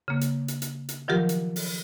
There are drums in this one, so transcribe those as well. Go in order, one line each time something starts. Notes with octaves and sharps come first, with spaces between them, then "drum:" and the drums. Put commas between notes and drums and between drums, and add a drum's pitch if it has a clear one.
C#3 A#3
drum: hi-hat
drum: hi-hat
drum: hi-hat
drum: hi-hat
D#3 F3 F#3 F4 G4 A#4
drum: hi-hat
drum: open hi-hat